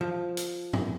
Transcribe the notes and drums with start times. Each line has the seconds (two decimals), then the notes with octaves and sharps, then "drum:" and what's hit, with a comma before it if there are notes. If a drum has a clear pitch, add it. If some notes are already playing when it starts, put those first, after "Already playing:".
0.01 F3
0.37 drum: hi-hat
0.73 drum: tom G#2